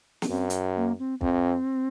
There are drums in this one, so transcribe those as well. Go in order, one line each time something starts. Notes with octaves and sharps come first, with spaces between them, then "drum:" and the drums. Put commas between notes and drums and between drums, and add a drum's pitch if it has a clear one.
C#4, drum: snare
F#2 C4
drum: hi-hat
A#3
C4
F2 C4, drum: kick